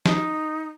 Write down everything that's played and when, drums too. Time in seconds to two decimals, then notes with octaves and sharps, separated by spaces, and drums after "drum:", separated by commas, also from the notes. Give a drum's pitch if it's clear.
0.06 D#4, drum: snare